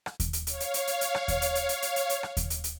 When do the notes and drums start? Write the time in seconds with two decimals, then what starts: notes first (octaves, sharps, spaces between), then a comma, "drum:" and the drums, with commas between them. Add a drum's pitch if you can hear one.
0.06 drum: rim click
0.20 drum: kick D#2, hi-hat
0.33 drum: hi-hat
0.47 C#5 F5, drum: hi-hat
0.60 drum: hi-hat
0.74 drum: hi-hat
0.87 drum: hi-hat
1.01 drum: hi-hat
1.15 drum: rim click
1.28 drum: kick D#2, hi-hat
1.42 drum: hi-hat
1.55 drum: hi-hat
1.69 drum: hi-hat
1.82 drum: hi-hat
1.96 drum: hi-hat
2.10 drum: hi-hat
2.23 drum: rim click
2.37 drum: kick D#2, hi-hat
2.50 drum: hi-hat
2.64 drum: hi-hat